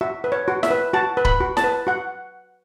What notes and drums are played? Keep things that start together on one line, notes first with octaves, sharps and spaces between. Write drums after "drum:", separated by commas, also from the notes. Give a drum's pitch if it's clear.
F#4 E5
B4
C#5
F#4
E5, drum: snare
B4
F#4 A5
B4
B5, drum: kick D1
F#4
A5, drum: snare
B4
F#4 F#5